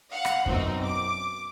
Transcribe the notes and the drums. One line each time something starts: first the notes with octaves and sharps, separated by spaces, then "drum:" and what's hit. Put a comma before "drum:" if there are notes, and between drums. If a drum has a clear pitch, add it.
F5 F#5
drum: rim click
F#2 B2 C4 D#4, drum: kick
D6